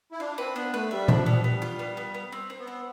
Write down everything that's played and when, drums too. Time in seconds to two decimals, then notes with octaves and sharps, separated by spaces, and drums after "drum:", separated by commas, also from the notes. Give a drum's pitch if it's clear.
0.12 E4
0.20 D4 F4
0.38 C4 B4
0.55 B3 D4
0.74 A3 B4
0.91 G3 E5
1.08 F3 D4, drum: tom A#2
1.26 G3 B3
1.33 F3
1.42 G3 B3
1.62 F4
1.79 B3
1.97 B3
2.14 B3
2.32 C4
2.50 C4
2.59 B3
2.67 C4